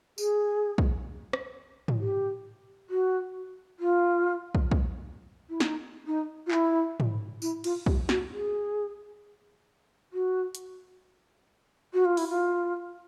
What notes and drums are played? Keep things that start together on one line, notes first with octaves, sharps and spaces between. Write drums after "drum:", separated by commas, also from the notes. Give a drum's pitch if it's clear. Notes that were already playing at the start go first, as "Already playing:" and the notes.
G#4, drum: tambourine
drum: kick
drum: rim click
drum: tom G#2
G4
F#4
F4
drum: kick
drum: kick
E4
D#4, drum: snare
D#4
F4
E4, drum: clap
drum: tom G#2
E4, drum: tambourine
F4, drum: cymbal
G4, drum: kick
F#4, drum: snare
G#4
F#4
drum: hi-hat
F#4
F4
E4, drum: open hi-hat
F4